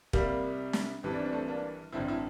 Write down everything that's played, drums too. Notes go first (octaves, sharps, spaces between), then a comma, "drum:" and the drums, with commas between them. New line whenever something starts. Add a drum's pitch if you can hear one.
C2 C3 G3 A#3, drum: kick
drum: snare
G1 G2 E3 G3 C4
D4
C4
D4
A3 C4
A#3 D4
A1 G2 D3 C4 E4
C4 E4